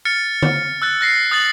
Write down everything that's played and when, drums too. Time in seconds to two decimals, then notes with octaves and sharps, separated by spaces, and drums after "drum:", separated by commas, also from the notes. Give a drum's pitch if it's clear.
0.05 F6 A6 C#7
0.42 drum: tom D3
0.82 E6 F#6 A6
1.01 F#6 A#6 C7
1.31 D#6 F#6 A6 F#7